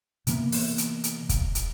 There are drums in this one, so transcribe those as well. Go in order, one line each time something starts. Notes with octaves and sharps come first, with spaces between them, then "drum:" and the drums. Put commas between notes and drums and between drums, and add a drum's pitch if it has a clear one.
C3 E3 A#3 B3, drum: hi-hat
drum: open hi-hat
drum: hi-hat
drum: hi-hat
drum: kick, hi-hat
drum: hi-hat